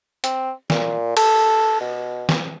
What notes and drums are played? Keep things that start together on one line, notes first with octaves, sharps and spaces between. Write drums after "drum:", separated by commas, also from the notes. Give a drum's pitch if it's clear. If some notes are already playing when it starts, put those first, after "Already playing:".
C4, drum: hi-hat
A#2, drum: snare
A4, drum: cymbal
B2
drum: snare